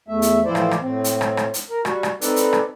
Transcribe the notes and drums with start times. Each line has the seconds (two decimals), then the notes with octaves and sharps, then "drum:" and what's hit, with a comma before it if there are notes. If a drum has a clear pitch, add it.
0.08 E2 A3 E5
0.22 drum: hi-hat
0.45 A2 E3 F3 E4 C5 D5
0.55 drum: rim click
0.71 drum: rim click
0.81 A2 C4
1.04 drum: hi-hat
1.21 drum: rim click
1.37 drum: rim click
1.54 drum: hi-hat
1.70 A#4
1.85 G3 F#4, drum: rim click
2.03 drum: rim click
2.21 C4 D#4 A4 B4 D5, drum: hi-hat
2.36 drum: hi-hat
2.53 drum: rim click